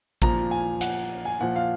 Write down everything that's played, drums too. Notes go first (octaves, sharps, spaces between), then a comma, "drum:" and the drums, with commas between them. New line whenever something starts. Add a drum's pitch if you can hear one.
A#2 F3 A#5, drum: kick A1
G#5
F#5, drum: hi-hat
G#5
A#2 F3 F#5
F5